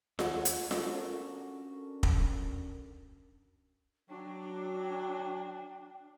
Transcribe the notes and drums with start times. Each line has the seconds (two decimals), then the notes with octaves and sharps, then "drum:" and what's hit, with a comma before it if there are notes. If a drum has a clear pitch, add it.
0.19 D#2 G#4 F#5, drum: snare F4
0.45 drum: hi-hat
0.71 C#4 D4 F#4 A4 A#4, drum: snare F4
2.03 drum: kick
4.09 F#3 D4 G5